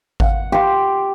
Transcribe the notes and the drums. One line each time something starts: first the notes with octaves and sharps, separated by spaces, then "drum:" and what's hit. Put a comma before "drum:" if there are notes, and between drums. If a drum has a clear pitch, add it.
F#5, drum: kick G#1
G4 C6